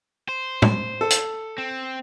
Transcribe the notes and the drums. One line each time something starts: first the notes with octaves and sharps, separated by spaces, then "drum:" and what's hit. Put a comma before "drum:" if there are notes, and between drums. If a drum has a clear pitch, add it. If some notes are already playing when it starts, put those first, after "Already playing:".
C5
drum: tom A2
A4
drum: hi-hat
C4